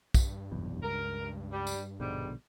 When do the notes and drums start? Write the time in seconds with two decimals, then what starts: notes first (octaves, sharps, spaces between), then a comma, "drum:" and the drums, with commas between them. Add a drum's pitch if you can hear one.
0.14 G2, drum: kick, tambourine
0.52 F1 B1 E2
0.83 C#2 A#4
1.52 G3
1.67 drum: tambourine
2.00 A#1 G#2 B2 D3 G3